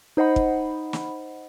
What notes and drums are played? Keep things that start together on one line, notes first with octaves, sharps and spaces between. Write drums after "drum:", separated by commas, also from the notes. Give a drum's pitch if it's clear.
D#4 C5 D#5 F#5 B5
drum: kick
drum: snare